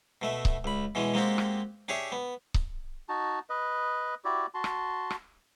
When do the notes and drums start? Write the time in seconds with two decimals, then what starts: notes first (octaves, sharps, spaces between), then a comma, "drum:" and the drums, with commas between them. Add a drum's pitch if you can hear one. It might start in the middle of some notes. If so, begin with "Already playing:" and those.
0.22 B2 A3 E5
0.45 drum: kick C#1
0.64 C#2 B5
0.95 B2 E3 G#3 C#4
1.14 G#3 A#3 C4 F#4 G4
1.38 drum: rim click
1.88 D4 G4 G#4 C#5 E5
2.12 B3
2.54 drum: kick C#1
3.09 D#4 F#4 A5
3.50 B4 D#5
4.25 E4 F#4 G4 D5
4.54 F#4 A5 C6
4.64 drum: rim click
5.10 drum: rim click